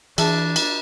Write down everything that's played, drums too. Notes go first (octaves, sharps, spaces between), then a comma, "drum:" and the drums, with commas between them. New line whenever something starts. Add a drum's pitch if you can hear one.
E3 D4 G#4 E5 A5, drum: cymbal
drum: cymbal